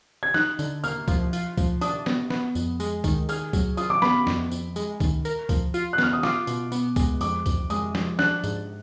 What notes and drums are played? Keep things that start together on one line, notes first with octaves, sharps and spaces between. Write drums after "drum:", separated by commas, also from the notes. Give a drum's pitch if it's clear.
G#6
D#4 F#6, drum: snare
D3, drum: tambourine
A#3 F6, drum: tambourine
F3, drum: kick C#2, tambourine
F4, drum: tambourine
F3, drum: kick C#2, tambourine
D4 D#6, drum: tambourine
B3, drum: snare
B3, drum: snare
F2, drum: tambourine
G#3, drum: tambourine
D#3, drum: kick C#2, tambourine
G#4 F6, drum: tambourine
F#3, drum: kick C#2, tambourine
F4 D#6, drum: tambourine
D6
B3 B5, drum: snare
F2, drum: snare
F2, drum: tambourine
G#3, drum: tambourine
D#3, drum: kick C#2, tambourine
A#4, drum: tambourine
F3, drum: kick C#2, tambourine
F4, drum: tambourine
F#6
B3 F6, drum: snare
D#6
F4 D6, drum: snare
B2, drum: tambourine
B3, drum: tambourine
G#3, drum: kick C#2, tambourine
F2 D6, drum: tambourine
F2, drum: kick C#2, tambourine
G#3 D#6, drum: tambourine
F3, drum: snare
D4 F#6, drum: snare
G#2, drum: tambourine